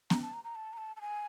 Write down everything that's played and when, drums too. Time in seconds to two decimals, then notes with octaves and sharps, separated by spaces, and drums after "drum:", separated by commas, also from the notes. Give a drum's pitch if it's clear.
0.10 A#5, drum: snare B3
0.22 A5
0.33 A#5
0.44 A#5
0.55 A5
0.73 A#5
0.78 A5
0.96 A5
1.01 G#5